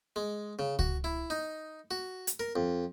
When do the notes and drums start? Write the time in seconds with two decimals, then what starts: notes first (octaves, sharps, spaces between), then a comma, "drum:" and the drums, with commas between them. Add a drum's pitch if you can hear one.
0.16 G#3
0.59 C#3
0.79 F#4, drum: kick C#2
1.04 E4
1.30 D#4
1.91 F#4
2.27 drum: hi-hat
2.40 A#4
2.56 F2